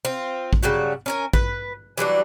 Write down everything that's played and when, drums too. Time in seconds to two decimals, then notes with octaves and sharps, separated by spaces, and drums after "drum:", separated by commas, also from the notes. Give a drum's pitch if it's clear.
0.05 C4 F4
0.53 drum: kick
0.63 C#3 F#3 G3 F#4
1.06 C#4 A#4 G#5
1.33 B4, drum: kick
1.98 E3 F#3 G3 D4